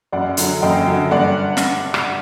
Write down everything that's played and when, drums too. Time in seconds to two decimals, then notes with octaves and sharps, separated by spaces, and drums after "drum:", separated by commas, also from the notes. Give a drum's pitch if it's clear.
0.12 F#2 D5 F#5
0.37 D3 F#3, drum: hi-hat
0.62 F#2 D#5 G5
0.87 D3 F#3
1.11 G2 D5 F#5
1.57 drum: snare
1.94 drum: rim click